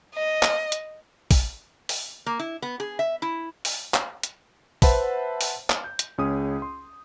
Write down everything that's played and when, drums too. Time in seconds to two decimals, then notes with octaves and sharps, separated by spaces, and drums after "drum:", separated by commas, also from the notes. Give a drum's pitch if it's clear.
0.15 D#5
0.43 drum: clap
0.72 drum: hi-hat
1.31 drum: kick, open hi-hat
1.89 drum: open hi-hat
2.26 A#3
2.39 E4
2.62 B3
2.80 G#4
2.99 E5
3.22 E4
3.65 drum: open hi-hat
3.94 drum: clap
4.23 drum: hi-hat
4.82 B4 C5 E5 F#5 A5 B5, drum: kick, open hi-hat
5.41 drum: open hi-hat
5.70 drum: clap
5.84 G6
5.99 drum: hi-hat
6.18 C#2 C#4 G#4 D#6
6.62 C6